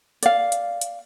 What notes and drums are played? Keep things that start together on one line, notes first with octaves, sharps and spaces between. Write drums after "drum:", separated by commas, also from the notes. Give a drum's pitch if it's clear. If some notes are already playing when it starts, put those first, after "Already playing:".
D5 F5, drum: hi-hat
drum: hi-hat
drum: hi-hat